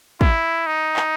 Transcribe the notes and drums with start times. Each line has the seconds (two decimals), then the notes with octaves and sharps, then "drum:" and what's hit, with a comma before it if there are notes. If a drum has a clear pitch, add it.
0.21 E4, drum: kick
0.66 D#4
0.96 drum: clap